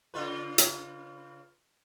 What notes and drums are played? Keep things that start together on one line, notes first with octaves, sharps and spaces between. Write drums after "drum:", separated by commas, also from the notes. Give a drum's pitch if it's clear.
C#3 F4 B4
drum: hi-hat